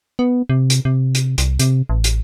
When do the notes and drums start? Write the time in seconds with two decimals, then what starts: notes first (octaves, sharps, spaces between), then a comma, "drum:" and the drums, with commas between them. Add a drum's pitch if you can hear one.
0.19 B3
0.49 C3
0.70 drum: hi-hat
0.85 C3
1.15 drum: hi-hat
1.38 C2, drum: hi-hat
1.59 C3, drum: hi-hat
1.89 A1
2.04 drum: hi-hat